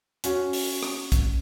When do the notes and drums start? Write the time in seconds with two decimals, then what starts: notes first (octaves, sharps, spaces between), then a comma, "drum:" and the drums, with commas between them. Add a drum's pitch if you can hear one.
0.24 C#4 F#4, drum: hi-hat
0.53 drum: open hi-hat
0.83 drum: rim click
1.12 drum: kick, hi-hat